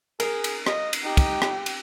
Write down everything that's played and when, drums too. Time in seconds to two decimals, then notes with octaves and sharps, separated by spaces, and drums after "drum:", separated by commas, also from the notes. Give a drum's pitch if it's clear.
0.20 G#4 A#4, drum: cymbal
0.44 drum: cymbal
0.67 D#5, drum: rim click
0.93 drum: cymbal
1.04 D#4 G4
1.17 drum: kick, cymbal
1.42 drum: rim click
1.66 drum: cymbal